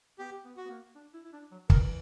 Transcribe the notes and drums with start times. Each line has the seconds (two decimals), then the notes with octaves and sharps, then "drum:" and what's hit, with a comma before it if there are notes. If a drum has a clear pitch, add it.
0.19 B3 G4
0.45 B3
0.57 F#4
0.65 B3
0.69 A#3
0.95 D4
1.14 E4
1.25 E4
1.33 D4
1.52 F#3
1.70 E3 A#4, drum: kick